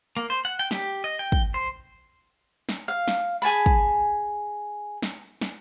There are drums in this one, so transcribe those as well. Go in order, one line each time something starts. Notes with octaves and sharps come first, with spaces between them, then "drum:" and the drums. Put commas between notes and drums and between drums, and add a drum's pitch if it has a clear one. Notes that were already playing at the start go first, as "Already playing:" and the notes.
A#3
C5
F#5
G5
G4, drum: snare
D#5
G5
drum: kick
C5
drum: snare
F5
drum: snare
G#4 G#5 A5 B5
drum: kick
drum: snare
drum: snare